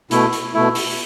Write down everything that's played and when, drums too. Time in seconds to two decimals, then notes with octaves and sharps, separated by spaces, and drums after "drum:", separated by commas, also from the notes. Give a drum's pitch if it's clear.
0.11 B2 A3 E4, drum: hi-hat
0.33 drum: hi-hat
0.54 B2 A3 E4
0.75 drum: open hi-hat